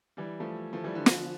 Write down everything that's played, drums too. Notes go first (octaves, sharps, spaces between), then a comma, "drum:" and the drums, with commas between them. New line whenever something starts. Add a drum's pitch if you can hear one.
E3 G3
F3 A3
F3 A3
E3 G3
D3 F3
D3 F3, drum: snare